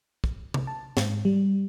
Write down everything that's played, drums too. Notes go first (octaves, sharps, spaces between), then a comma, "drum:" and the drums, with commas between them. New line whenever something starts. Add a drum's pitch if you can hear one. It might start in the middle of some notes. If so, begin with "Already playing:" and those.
drum: kick
drum: tom C3
A5
G#2, drum: snare
G3